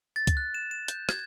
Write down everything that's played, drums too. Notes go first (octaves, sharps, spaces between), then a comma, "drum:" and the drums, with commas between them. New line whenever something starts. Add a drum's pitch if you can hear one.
A6
drum: kick C#2, hi-hat
F#6
E7
E7
G6, drum: hi-hat
G#6, drum: rim click